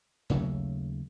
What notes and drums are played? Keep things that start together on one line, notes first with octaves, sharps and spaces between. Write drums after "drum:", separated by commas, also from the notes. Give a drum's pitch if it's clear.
D#2 C#3 F#3 A3, drum: tom B1